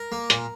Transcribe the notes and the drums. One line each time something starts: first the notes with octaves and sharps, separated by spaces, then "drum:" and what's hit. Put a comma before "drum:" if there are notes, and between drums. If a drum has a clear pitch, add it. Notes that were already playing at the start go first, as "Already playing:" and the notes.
Already playing: A#4
A#3
A#2, drum: hi-hat